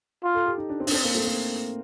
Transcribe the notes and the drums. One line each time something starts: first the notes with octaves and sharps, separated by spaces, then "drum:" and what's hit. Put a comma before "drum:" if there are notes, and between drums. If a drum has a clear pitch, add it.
F4
A4
G4
D#4
D4
C4
D4, drum: open hi-hat
C4
A#3
A3
A#3